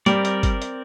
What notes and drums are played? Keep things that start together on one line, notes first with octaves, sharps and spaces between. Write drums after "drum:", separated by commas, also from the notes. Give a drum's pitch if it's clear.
G3 C4 A#4 D5, drum: hi-hat
drum: hi-hat
drum: kick G1, hi-hat
drum: hi-hat